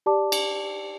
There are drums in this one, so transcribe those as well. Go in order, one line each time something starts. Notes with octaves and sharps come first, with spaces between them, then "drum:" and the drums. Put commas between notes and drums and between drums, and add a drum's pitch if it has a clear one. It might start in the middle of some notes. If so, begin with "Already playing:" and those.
G4 D5 A5 D6
drum: cymbal